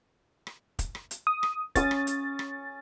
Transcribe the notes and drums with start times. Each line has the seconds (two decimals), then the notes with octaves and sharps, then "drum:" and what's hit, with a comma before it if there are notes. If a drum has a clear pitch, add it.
0.47 drum: rim click
0.79 drum: kick, hi-hat
0.95 drum: rim click
1.11 drum: hi-hat
1.27 D#6
1.43 drum: rim click
1.75 C#4 D#6 A6, drum: kick, hi-hat
1.91 drum: rim click
2.07 drum: hi-hat
2.39 drum: rim click